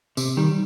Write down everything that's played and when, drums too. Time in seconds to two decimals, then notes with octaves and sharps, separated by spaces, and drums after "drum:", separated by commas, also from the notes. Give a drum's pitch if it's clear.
0.17 C3, drum: tambourine
0.37 D#3 G3